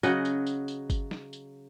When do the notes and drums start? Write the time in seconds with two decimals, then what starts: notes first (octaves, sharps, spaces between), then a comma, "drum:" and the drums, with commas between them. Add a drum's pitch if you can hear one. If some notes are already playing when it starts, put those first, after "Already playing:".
0.03 C#3 F#3 D#5 F#5, drum: tambourine
0.25 drum: tambourine
0.47 drum: tambourine
0.68 drum: tambourine
0.90 drum: kick G1, tambourine
1.11 drum: snare
1.33 drum: tambourine